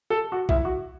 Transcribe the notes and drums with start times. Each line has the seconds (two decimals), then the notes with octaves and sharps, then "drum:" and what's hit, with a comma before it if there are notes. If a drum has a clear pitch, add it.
0.10 A4
0.32 F#4
0.49 E4, drum: kick B1
0.65 F#4